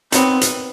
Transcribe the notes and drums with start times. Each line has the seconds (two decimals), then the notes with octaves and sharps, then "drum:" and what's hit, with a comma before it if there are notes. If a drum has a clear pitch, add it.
0.12 D#3 F#3 B3 C4, drum: hi-hat
0.41 drum: hi-hat